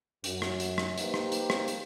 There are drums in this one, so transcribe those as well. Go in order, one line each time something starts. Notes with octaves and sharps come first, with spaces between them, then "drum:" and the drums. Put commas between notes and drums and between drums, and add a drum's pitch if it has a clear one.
F#2, drum: hi-hat
drum: rim click
drum: hi-hat
drum: rim click
A#3 D#4 G4 B4 C5, drum: hi-hat
drum: rim click
drum: hi-hat
drum: rim click
drum: hi-hat